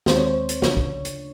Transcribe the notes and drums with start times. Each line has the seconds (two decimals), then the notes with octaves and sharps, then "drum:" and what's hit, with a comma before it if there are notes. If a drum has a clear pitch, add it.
0.06 D#2 D#3 G#3 C4 C5, drum: snare
0.17 C#5
0.27 C5
0.49 drum: hi-hat
0.62 D2 C#3 F3 A3 D4 C#5, drum: snare
0.77 drum: kick
1.05 drum: hi-hat